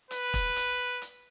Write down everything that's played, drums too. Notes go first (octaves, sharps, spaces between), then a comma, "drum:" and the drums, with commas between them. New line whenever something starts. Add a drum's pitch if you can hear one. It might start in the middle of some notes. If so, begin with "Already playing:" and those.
B4, drum: hi-hat
drum: kick, hi-hat
drum: hi-hat
drum: hi-hat